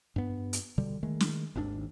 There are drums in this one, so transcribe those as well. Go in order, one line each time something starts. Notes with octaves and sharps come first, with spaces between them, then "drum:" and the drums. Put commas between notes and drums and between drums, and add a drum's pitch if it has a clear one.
G2 B3
drum: hi-hat
B2 D3 G3
D#3 G#3 A3
drum: snare
G#1 D#2 G#2 D4